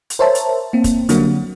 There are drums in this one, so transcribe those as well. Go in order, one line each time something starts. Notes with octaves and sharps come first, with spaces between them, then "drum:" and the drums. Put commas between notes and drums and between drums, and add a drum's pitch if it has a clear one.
drum: hi-hat
A#4 C5 C#5 E5 A5
drum: hi-hat
A#3 C4
drum: kick, hi-hat
D3 F#3 G3 A#3 F#4, drum: hi-hat